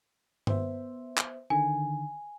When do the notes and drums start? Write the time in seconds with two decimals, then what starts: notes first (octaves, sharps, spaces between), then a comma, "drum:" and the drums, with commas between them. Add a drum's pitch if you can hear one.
0.47 B3 C5 E5, drum: tom G2
1.18 drum: clap
1.50 D3 D#3 G#5